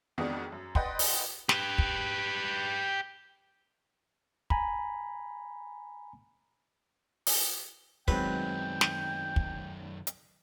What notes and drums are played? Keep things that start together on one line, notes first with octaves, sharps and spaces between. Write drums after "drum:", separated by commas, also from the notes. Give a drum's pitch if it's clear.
F2 B2 D#3 G#3 B3 D4
F#2
B4 D5 D#5 F#5 G5 C6, drum: kick
drum: open hi-hat
G4 B4, drum: snare
drum: kick
G#5 A#5 B5, drum: kick
drum: open hi-hat
F#2 D#3 F#3 G#3 C4 B4 G5, drum: kick
drum: snare
drum: kick
drum: hi-hat